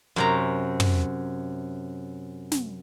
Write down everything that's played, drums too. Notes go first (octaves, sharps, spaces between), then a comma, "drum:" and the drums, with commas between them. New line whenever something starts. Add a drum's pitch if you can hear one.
F#2 C3 A#5
drum: tom
drum: snare